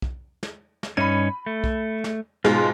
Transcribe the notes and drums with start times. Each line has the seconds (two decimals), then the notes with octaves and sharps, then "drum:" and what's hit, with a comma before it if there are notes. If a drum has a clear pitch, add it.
0.02 drum: kick
0.43 drum: snare
0.83 drum: snare
0.97 G2 C#4 D#4 B5 D#7
1.46 A3
1.64 drum: kick
2.04 drum: snare
2.44 G#2 B2 G#3 F4, drum: snare